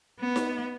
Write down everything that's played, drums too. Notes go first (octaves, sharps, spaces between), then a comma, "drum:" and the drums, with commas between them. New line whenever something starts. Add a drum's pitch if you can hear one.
B3
drum: snare D#4